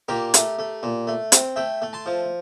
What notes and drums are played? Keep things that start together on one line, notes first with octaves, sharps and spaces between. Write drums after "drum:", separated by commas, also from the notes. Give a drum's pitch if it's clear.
A#2 G4 A#4
A3, drum: hi-hat
A3
A#2
A3
C4, drum: hi-hat
A3 E5 G5
A3
A5 C6
F3